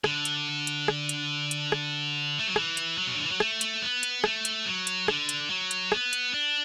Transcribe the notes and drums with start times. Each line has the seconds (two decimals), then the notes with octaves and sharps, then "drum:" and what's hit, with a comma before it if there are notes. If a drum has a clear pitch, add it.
0.04 D3, drum: rim click
0.25 drum: hi-hat
0.67 drum: hi-hat
0.88 drum: rim click
1.09 drum: hi-hat
1.51 drum: hi-hat
1.72 drum: rim click
2.39 A3
2.47 F#3
2.56 E3, drum: rim click
2.77 drum: hi-hat
2.98 F#3
3.07 B2
3.15 D3
3.24 E3
3.31 F#3
3.40 A3, drum: rim click
3.61 drum: hi-hat
3.82 B3
4.03 drum: hi-hat
4.24 A3, drum: rim click
4.45 drum: hi-hat
4.66 F#3
4.87 drum: hi-hat
5.08 D3, drum: rim click
5.29 drum: hi-hat
5.50 F#3
5.71 drum: hi-hat
5.92 B3, drum: rim click
6.13 drum: hi-hat
6.34 D4